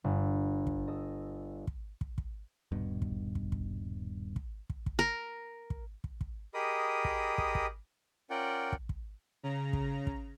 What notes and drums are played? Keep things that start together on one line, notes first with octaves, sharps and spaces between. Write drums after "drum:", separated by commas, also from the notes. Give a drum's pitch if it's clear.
G1
drum: kick
A4 D#5
drum: kick
drum: kick
drum: kick
D#1 G2 B2
drum: kick
drum: kick
drum: kick
drum: kick
drum: kick
drum: kick
A#4
drum: kick
drum: kick
drum: kick
G4 G#4 A#4 D#5 B5 D#6
drum: kick
drum: kick
drum: kick
C#4 F4 A#4 D5 F#5 G5
drum: kick
drum: kick
C#3 A#5
drum: kick
drum: kick